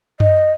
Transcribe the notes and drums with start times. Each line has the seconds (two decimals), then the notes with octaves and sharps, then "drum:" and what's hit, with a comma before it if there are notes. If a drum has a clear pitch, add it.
0.20 D#5, drum: tom F#2